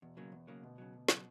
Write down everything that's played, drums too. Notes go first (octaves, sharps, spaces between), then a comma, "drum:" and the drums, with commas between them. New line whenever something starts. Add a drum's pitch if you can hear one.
E2 B2
C#3 F#3 A#3
E2
C#3 F#3 A#3
D2 B2
C#3 F#3
D2
C#3 F#3, drum: snare